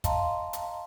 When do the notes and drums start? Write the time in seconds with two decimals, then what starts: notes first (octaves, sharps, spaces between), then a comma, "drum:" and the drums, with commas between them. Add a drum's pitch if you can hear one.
0.04 D#5 F5 A5 A#5 C6, drum: kick, hi-hat
0.53 drum: hi-hat